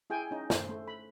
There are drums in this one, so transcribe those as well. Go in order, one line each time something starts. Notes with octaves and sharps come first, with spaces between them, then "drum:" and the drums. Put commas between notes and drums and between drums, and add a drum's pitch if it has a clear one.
E4 G#4 G5 G#5
C#4 D#4
C5, drum: snare
A3
B5